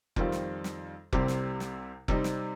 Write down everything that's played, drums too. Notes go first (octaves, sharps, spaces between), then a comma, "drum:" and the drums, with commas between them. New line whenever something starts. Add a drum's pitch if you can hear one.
F2 D#3 G3 C4 F4, drum: kick F1
drum: snare
drum: snare
C2 C3 G3 C4 G4, drum: kick F1
drum: snare
drum: snare
C3 G3 C4 D#4, drum: kick F1
drum: snare